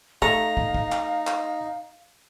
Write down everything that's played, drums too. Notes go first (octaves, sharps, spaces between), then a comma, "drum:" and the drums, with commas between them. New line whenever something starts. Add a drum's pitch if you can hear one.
A3 D#4 F5 A#5, drum: kick
drum: kick
drum: kick
drum: clap
drum: clap